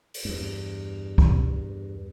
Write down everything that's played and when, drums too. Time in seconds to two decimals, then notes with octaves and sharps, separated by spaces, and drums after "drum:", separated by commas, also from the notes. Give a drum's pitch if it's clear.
0.14 drum: open hi-hat
0.25 E2 G2
1.18 drum: kick